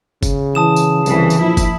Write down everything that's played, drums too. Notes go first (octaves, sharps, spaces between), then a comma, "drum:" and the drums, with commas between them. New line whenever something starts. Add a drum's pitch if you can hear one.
C#3, drum: kick, tambourine
E3 A5 D#6 E7
drum: tambourine
C2 E3, drum: tambourine
drum: tambourine
A#1 F3 E4
drum: kick, tambourine